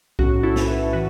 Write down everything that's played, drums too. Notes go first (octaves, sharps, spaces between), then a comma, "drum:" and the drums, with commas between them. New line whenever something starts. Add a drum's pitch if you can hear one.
B1 A2 F#3 C#4 F#4, drum: kick B1
E4 A4
drum: snare
B4 E5
A4
A2 E3 F#4 B4